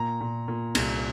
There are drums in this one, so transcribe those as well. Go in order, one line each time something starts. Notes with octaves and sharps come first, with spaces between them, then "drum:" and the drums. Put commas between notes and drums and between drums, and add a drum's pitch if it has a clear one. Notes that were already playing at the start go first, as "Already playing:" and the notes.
Already playing: A#2 A#5
A#2
A#2
C2, drum: cymbal